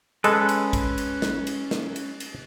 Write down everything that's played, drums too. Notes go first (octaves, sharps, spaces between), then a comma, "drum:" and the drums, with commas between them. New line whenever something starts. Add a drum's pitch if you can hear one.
G#3 C#4 A4 B4, drum: cymbal
drum: cymbal
drum: kick, cymbal
drum: cymbal
drum: snare
drum: cymbal
drum: snare
drum: cymbal
drum: cymbal